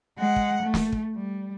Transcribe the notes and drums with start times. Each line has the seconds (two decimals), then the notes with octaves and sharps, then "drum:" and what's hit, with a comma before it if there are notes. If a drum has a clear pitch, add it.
0.17 G#3 F#5
0.36 drum: kick
0.62 A3
0.74 drum: snare
0.92 drum: kick
1.15 G3